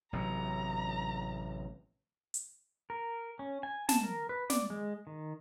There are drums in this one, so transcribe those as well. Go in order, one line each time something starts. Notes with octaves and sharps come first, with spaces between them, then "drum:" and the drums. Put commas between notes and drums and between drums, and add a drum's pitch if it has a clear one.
A1 C3 F#3 A#5
drum: hi-hat
A#4
C#4
G#5
A5, drum: snare
A#4
B4
D5, drum: snare
G#3
D#3